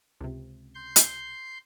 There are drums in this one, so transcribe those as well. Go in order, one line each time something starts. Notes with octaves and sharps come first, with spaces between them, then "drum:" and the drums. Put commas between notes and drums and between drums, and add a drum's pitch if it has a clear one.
C#2 C3
C6 G6
drum: hi-hat